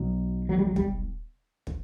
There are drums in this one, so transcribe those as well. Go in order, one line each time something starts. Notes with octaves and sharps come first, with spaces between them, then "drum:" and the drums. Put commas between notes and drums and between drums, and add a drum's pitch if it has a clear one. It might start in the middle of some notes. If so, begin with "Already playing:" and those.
Already playing: B1 B2 F#3
F#3
G3
F#3
G3, drum: kick
drum: kick